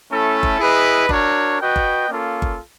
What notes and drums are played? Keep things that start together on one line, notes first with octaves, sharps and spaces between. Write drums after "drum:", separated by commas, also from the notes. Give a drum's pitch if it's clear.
A3 C#4 E4 A4
drum: kick G1
E4 G#4 B4 D#5
D4 F#4 A#4 C#5, drum: kick G1
F#4 B4 D#5 G5
drum: kick G1
A#3 C#4 F4 A4
drum: kick G1